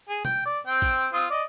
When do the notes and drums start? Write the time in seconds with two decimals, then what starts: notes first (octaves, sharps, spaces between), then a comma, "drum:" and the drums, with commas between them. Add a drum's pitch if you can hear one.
0.09 G#4
0.25 G5, drum: tom B2
0.45 D5
0.67 C4 G5
0.82 drum: kick A1
1.13 C4 F4 D#6
1.30 D5 D#5